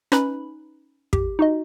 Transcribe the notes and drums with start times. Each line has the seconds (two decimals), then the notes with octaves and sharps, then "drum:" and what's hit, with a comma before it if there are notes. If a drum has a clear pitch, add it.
0.12 C#4 D#4 B4 B5, drum: rim click
1.13 G4, drum: kick
1.39 D#4 F#4 D#5